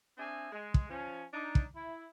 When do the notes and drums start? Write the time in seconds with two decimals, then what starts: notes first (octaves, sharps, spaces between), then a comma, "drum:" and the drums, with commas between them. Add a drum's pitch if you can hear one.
0.18 C4 D4 G#4 E5 G#5
0.52 G#3
0.74 drum: kick
0.90 F3 C#4
1.33 D4 D#4
1.55 drum: kick
1.75 E4